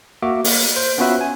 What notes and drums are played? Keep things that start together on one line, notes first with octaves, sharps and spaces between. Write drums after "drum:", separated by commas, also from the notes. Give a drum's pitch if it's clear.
A#3 F#4 E5 D6
A#3, drum: open hi-hat
C5
B3 C#4 F4 F#4 B4 E5
G#5